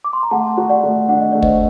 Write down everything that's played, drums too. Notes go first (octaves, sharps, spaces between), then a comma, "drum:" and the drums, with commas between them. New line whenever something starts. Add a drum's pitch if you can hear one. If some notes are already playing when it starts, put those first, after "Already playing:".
D6
C6
A#5
A3 F#5 A5
F#4
D5 F#5
A3
D4 F#5
D#5
A3 D5
C5 D#5, drum: kick